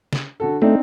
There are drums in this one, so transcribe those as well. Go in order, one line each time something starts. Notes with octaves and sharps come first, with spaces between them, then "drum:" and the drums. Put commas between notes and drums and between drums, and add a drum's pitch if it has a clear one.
drum: snare
D3 F#4 A4
A3 C4 D4 D#4